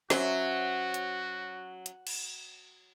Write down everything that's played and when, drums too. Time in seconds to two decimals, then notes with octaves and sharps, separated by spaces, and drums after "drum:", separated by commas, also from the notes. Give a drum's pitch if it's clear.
0.10 F#3 C#4 F#4 C5 E5, drum: snare
0.94 drum: hi-hat
1.86 drum: hi-hat
2.07 drum: cymbal